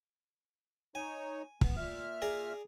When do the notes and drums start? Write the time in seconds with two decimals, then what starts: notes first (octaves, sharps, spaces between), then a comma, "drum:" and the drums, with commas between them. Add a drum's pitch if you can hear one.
0.95 D#4 C#5 G#5
1.61 B3, drum: kick
1.77 A#2 E5 F6
2.22 G#4 D5 A#5